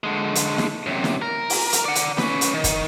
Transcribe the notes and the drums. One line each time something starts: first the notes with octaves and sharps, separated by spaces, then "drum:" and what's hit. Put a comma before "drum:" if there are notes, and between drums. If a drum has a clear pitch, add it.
D3 G#3
drum: hi-hat
drum: snare
F#2 C3
drum: snare
A#4
drum: open hi-hat
drum: hi-hat
D5 F#5
drum: hi-hat
C#4 B4, drum: snare
drum: hi-hat
D#3
drum: kick, hi-hat